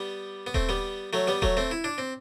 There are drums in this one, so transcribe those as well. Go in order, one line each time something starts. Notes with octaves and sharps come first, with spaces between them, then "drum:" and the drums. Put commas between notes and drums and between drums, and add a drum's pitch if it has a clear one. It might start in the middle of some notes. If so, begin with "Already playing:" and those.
Already playing: G3 B3
B3
A3 C4, drum: kick D#1
G3 B3
F#3 A3
G3 B3
F#3 A3, drum: kick D#1
A3 C4
E4
D4
C4